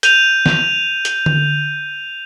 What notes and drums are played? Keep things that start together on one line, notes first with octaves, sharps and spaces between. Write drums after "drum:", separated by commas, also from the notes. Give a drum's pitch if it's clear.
G6 D#7 F7, drum: hi-hat
drum: snare
drum: hi-hat
drum: tom D3